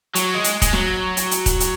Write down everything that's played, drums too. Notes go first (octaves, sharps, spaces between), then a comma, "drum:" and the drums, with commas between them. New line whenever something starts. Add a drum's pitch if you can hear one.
F#3, drum: hi-hat
G#3
drum: hi-hat
G#3, drum: kick D#1, hi-hat
F#3, drum: snare
drum: hi-hat
drum: hi-hat
drum: kick D#1, hi-hat
drum: hi-hat